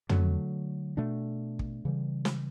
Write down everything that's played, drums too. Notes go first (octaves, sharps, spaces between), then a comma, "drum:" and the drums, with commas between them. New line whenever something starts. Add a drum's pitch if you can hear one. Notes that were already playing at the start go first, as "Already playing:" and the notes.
D3 F#3 A3, drum: tom
B2 A3 D4
drum: kick
C#3 E3 G3
drum: snare